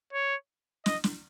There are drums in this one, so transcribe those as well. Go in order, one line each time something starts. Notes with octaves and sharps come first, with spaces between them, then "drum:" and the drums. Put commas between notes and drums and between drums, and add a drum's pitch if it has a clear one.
C#5
D#5, drum: snare
drum: snare